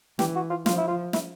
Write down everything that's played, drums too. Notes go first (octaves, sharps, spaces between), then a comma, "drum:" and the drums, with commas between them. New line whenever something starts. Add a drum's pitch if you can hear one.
E3 G4, drum: snare
F#4
F4
F3 F4, drum: snare
E4
F4
E4, drum: snare